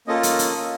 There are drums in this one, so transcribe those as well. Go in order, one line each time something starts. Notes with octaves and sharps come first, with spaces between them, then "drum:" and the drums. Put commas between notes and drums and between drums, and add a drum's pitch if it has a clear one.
A#3 C#4 F4 A4 D#5
drum: hi-hat
drum: hi-hat
A#3 C#4 F4 A4